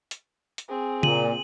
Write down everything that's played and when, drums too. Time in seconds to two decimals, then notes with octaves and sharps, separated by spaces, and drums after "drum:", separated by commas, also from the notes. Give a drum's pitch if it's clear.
0.11 drum: hi-hat
0.58 drum: hi-hat
0.69 C4 G#4
1.03 A#2 D#7 F#7, drum: tom C#3